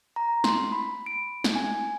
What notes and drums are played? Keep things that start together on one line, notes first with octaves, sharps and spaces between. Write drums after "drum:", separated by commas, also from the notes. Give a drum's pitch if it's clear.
A#5
C6, drum: snare
B5
D7
drum: snare
G#5